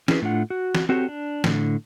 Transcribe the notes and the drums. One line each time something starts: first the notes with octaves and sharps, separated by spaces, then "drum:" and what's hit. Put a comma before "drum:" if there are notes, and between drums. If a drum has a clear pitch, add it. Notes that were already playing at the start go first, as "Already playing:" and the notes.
C#4 E4 G#4 B4, drum: snare
A2 A3 D4 F4 F#5
F#4
drum: snare
C4 F#4 G4 A4 C5 C#5
D4
A2 D3, drum: snare